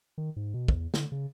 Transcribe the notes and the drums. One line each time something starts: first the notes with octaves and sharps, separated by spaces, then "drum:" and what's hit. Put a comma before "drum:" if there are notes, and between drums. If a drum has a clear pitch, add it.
D#3
G#2
B2
E2, drum: kick
D3, drum: snare
C#3